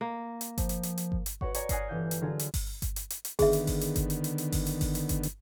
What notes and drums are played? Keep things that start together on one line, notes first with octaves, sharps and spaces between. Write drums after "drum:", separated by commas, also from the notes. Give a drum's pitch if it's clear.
A#3
drum: hi-hat
F3, drum: kick G1, hi-hat
drum: hi-hat
drum: hi-hat
drum: hi-hat
drum: kick G1
drum: hi-hat
F#4 B4 C#5 F#5 C#6, drum: kick G1
C#5 D5 G#5 A#5, drum: hi-hat
F#5 G#5 D#6 F6 A#6 C7, drum: kick G1, hi-hat
G1 E3 F5 G6
drum: hi-hat
D3 F#3 F4 G#4
drum: hi-hat
drum: kick G1, open hi-hat
drum: kick G1, hi-hat
drum: hi-hat
drum: hi-hat
drum: hi-hat
D3 D#3 B3 G#4 E5, drum: kick G1, open hi-hat
drum: hi-hat
drum: kick G1, open hi-hat
drum: hi-hat
drum: kick G1, hi-hat
drum: hi-hat
drum: hi-hat
drum: hi-hat
drum: kick G1, open hi-hat
drum: hi-hat
drum: kick G1, open hi-hat
drum: hi-hat
drum: kick G1, hi-hat
drum: hi-hat